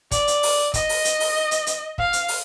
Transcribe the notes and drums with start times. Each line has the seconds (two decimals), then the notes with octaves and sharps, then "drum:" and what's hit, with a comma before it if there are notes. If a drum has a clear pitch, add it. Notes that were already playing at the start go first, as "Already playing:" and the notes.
0.11 D5, drum: kick, hi-hat
0.27 drum: hi-hat
0.43 drum: open hi-hat
0.74 D#5, drum: kick, hi-hat
0.89 drum: open hi-hat
1.05 drum: hi-hat
1.20 drum: open hi-hat
1.51 drum: hi-hat
1.67 drum: hi-hat
1.98 F5, drum: kick
2.13 drum: hi-hat
2.28 drum: open hi-hat